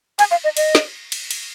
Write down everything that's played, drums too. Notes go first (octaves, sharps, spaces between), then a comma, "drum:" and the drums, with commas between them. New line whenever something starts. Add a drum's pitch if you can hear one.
G#5, drum: cymbal
F5
D#5
D#5, drum: cymbal
drum: snare
drum: cymbal
drum: cymbal